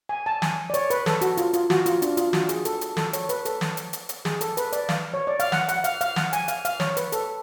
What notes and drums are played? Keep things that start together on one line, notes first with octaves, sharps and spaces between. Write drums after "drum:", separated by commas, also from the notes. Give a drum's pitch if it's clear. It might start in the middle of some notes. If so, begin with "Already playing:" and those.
G#5
A5
G#5, drum: snare
D5
C#5, drum: hi-hat
B4, drum: hi-hat
A4, drum: snare
F#4, drum: hi-hat
F4, drum: hi-hat
F4, drum: hi-hat
F#4, drum: snare
F4, drum: hi-hat
D4, drum: hi-hat
F4, drum: hi-hat
F#4, drum: snare
G#4, drum: hi-hat
A4, drum: hi-hat
drum: hi-hat
A4, drum: snare
C#5, drum: hi-hat
B4, drum: hi-hat
A4, drum: hi-hat
drum: snare
drum: hi-hat
drum: hi-hat
drum: hi-hat
G#4, drum: snare
A4, drum: hi-hat
B4, drum: hi-hat
D5, drum: hi-hat
F5, drum: snare
C#5
D5
F5, drum: hi-hat
F#5, drum: snare
F#5, drum: hi-hat
F5, drum: hi-hat
F5, drum: hi-hat
F#5, drum: snare
G#5, drum: hi-hat
F5, drum: hi-hat
F5, drum: hi-hat
C#5, drum: snare
B4, drum: hi-hat
A4, drum: hi-hat